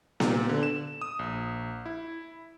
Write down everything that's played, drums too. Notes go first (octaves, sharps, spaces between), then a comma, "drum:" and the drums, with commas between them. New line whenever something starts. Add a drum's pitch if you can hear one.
A#2, drum: snare B3
D3
E7
D#6
A#1
E4